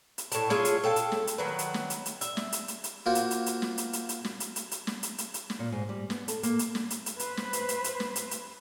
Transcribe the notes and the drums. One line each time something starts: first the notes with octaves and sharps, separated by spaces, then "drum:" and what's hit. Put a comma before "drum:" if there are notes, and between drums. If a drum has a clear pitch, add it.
drum: hi-hat
A2 A5, drum: hi-hat
E4 F4 G#4 C#5, drum: snare
drum: hi-hat
A4 F5 G5 A5
drum: hi-hat
drum: snare
drum: hi-hat
D#3 F#3 B4
drum: hi-hat
drum: snare
drum: hi-hat
drum: hi-hat
E5, drum: hi-hat
drum: snare
drum: hi-hat
drum: hi-hat
drum: hi-hat
A#3 F4 F#4 C5
drum: hi-hat
drum: hi-hat
drum: hi-hat
drum: snare
drum: hi-hat
drum: hi-hat
drum: hi-hat
drum: snare
drum: hi-hat
drum: hi-hat
drum: hi-hat
drum: snare
drum: hi-hat
drum: hi-hat
drum: hi-hat
drum: snare
A#2
G#2
G3
B3, drum: snare
A4, drum: hi-hat
A#3, drum: hi-hat
drum: hi-hat
drum: snare
drum: hi-hat
drum: hi-hat
B4 C5, drum: hi-hat
drum: snare
drum: hi-hat
drum: hi-hat
drum: hi-hat
drum: snare
drum: hi-hat
drum: hi-hat